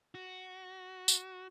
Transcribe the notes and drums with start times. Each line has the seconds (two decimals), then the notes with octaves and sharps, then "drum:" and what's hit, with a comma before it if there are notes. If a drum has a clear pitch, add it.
0.15 F#4
1.08 drum: tambourine